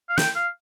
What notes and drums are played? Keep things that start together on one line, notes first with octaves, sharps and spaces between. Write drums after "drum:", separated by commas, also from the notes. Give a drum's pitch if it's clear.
F5
G5, drum: snare
F5